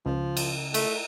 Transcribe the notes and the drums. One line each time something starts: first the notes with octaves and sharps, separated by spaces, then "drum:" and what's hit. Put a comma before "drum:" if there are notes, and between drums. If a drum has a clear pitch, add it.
C#2 F3
drum: cymbal
A3, drum: cymbal